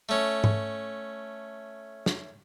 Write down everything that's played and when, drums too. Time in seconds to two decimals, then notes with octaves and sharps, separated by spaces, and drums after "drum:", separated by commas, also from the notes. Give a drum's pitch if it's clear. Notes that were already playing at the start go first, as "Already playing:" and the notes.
0.09 A3 C#4
0.44 drum: tom G#2
2.06 drum: snare